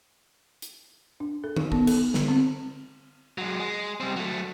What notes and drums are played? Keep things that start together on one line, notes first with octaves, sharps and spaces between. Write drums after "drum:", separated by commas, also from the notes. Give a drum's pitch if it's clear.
drum: hi-hat
D4
A4
D#4, drum: tom D#3
B3, drum: kick
A4, drum: cymbal
D3, drum: snare
C4
F#3 G#3
G#3
G3 C4
F#3 A3